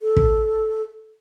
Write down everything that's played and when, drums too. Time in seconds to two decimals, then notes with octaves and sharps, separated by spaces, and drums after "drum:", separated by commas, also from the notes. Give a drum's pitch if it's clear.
0.01 A4
0.17 drum: kick